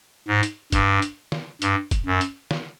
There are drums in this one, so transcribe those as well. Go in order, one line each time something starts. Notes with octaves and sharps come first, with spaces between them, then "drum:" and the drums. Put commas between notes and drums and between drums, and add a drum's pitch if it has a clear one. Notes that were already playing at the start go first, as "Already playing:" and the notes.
G#2
drum: hi-hat
G2, drum: kick, hi-hat
drum: hi-hat
drum: snare
G2, drum: hi-hat
drum: kick, hi-hat
F#2
drum: hi-hat
drum: snare